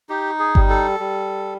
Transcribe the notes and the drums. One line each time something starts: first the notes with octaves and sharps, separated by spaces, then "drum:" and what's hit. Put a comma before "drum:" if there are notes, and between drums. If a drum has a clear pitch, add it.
D#4 G4
G#4
G3, drum: kick G1
A4
G3